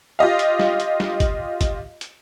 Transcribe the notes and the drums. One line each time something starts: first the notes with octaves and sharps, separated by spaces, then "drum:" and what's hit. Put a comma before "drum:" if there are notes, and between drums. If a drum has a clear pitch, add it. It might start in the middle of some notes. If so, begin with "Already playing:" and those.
F4 G4 D#5 F5
drum: hi-hat
drum: snare
drum: hi-hat
drum: snare
drum: kick, hi-hat
drum: kick, hi-hat
drum: hi-hat